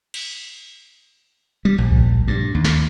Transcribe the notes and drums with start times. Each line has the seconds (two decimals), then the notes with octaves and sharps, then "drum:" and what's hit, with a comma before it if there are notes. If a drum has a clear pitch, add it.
0.14 drum: cymbal
1.65 G3
1.78 A#1
1.91 drum: kick C2
2.28 G2
2.55 D#2
2.65 drum: snare